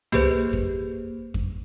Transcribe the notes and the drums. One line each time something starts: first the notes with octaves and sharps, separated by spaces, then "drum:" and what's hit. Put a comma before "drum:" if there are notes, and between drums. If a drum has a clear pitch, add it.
A#3 G4 G#4 B4 C5 G6, drum: tom
drum: kick F2
drum: kick F2